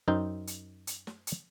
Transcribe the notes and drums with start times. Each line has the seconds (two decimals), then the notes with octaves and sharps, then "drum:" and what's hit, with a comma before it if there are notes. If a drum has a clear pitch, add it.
0.08 F#2 D#4 C5 G5
0.47 drum: hi-hat
0.87 drum: hi-hat
1.07 drum: snare
1.27 drum: hi-hat